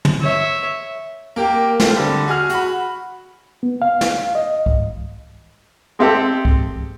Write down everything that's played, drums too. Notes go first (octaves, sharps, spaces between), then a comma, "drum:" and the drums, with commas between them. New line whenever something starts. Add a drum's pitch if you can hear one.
drum: tom
C#5 E5
A#3 G4 A#4
A3 C4 F4, drum: snare
D3 G3
F#4 G#4 G#5 F6
F#4 B5, drum: hi-hat
B3
F5
drum: snare
D#5
drum: kick C2
G#3 C4 G4 A4
drum: kick C2